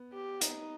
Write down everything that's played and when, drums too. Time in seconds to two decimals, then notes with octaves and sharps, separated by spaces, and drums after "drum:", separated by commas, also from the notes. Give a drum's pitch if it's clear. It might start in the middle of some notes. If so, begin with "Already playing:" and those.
Already playing: B3
0.13 G4
0.41 D#4, drum: hi-hat